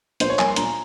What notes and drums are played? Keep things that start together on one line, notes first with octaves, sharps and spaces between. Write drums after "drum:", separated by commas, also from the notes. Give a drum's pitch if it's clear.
A#2 C5, drum: hi-hat
C#5
G3 A#3 G#5, drum: clap
C6
A#2 A#5, drum: hi-hat